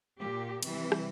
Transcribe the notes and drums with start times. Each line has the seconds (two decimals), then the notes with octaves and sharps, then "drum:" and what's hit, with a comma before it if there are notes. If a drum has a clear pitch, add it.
0.17 A#2 G4
0.63 C3 E3 G3, drum: cymbal
0.92 drum: rim click